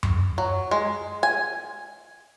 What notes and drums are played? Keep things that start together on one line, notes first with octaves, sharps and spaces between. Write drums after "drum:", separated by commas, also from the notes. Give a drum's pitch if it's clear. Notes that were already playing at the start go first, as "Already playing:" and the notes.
drum: tom F#2
F#3
G#3
G#5